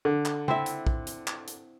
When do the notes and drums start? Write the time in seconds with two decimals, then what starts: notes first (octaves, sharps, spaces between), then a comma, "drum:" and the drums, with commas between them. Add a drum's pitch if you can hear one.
0.05 D3
0.25 drum: clap
0.48 C4 E4 E5, drum: tom C#3
0.66 drum: hi-hat
0.87 drum: kick
1.07 drum: hi-hat
1.27 drum: clap
1.48 drum: hi-hat